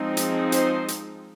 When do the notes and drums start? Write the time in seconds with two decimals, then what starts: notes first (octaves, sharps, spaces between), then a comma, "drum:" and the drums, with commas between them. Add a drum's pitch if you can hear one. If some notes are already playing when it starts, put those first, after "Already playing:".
Already playing: F3 G#3 C4 D#4
0.17 drum: hi-hat
0.52 C5, drum: hi-hat
0.88 drum: hi-hat